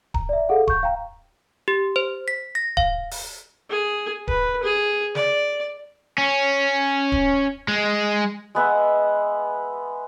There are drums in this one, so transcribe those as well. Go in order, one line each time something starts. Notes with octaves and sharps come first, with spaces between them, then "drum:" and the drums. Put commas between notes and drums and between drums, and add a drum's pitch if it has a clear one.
A#5, drum: kick D1
D5 E5
G#4 A4 F5 F#5
C#6 G6, drum: kick D1
F5 G5 A#5
G4
C5
B6
A#6
F5, drum: kick D1
drum: open hi-hat
G#4
B4, drum: kick D1
G#4
D5, drum: snare
C#4
drum: kick D1
G#3
G#3 B3 E5 F#5